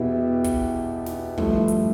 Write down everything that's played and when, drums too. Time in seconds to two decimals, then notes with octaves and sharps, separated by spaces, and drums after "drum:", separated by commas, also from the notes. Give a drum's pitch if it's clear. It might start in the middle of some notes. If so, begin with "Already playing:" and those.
Already playing: E2 B2 B3 E4 G4
0.44 drum: kick, hi-hat
1.06 drum: snare
1.38 G2 F3 A3 E4, drum: kick
1.68 drum: hi-hat